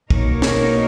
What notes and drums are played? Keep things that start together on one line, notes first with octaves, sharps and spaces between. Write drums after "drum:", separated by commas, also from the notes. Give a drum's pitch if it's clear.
B2 A#3 D#4 A#4 C#5, drum: kick
drum: snare